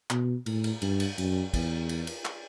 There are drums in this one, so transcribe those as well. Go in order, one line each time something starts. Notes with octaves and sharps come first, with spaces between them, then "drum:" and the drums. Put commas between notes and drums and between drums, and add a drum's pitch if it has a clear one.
B2, drum: clap
A2, drum: cymbal
drum: cymbal
G2, drum: cymbal
drum: cymbal
F#2, drum: cymbal
E2, drum: kick, cymbal
drum: cymbal
drum: cymbal
drum: clap